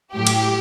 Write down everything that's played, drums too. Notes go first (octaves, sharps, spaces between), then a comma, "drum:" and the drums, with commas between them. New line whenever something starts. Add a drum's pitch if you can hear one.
A2 F#3 G4
drum: cymbal